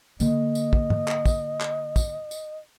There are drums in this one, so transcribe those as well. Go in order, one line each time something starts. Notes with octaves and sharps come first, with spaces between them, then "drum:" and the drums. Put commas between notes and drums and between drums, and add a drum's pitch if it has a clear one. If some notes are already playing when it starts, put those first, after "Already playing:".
D3 A#3 D#5, drum: tambourine
drum: tambourine
drum: kick
drum: tom
drum: clap
drum: kick, tambourine
drum: clap
drum: kick, tambourine
drum: tambourine